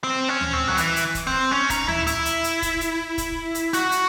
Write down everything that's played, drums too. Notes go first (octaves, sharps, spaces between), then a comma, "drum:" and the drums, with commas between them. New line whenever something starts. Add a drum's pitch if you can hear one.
C4
C#4
drum: tom D2
C4
F#3
E3, drum: hi-hat
drum: hi-hat
drum: kick, hi-hat
C4
C#4
D#4, drum: kick, hi-hat
E4, drum: tom D2
E4, drum: hi-hat
drum: hi-hat
drum: hi-hat
drum: kick, hi-hat
drum: hi-hat
drum: kick, hi-hat
drum: hi-hat
F#4, drum: hi-hat
drum: hi-hat